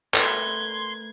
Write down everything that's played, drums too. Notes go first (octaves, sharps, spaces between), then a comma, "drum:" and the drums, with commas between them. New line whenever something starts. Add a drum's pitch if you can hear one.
A3 A#4 B4 C6 G#6, drum: clap